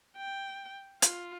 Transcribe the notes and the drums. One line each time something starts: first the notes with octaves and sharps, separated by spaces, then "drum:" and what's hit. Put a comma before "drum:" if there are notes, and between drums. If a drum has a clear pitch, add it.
G5
F4, drum: hi-hat